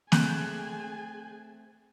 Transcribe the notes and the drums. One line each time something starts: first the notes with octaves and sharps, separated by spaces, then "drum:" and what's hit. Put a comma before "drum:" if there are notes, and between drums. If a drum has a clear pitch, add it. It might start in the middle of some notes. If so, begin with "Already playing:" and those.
A3 C4 G#4 G#5 F#6 G6, drum: snare A#3